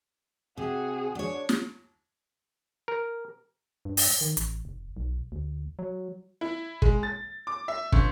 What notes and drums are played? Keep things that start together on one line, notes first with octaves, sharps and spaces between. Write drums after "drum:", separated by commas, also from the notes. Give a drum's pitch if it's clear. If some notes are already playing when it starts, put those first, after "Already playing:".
C3 F#4 G#4
D4 C#5
drum: snare
A#4
G2
drum: open hi-hat
D#3
A1, drum: hi-hat
F1
B1
D2
F#3
E4
G#3, drum: kick
A6
D6
E5
G1, drum: kick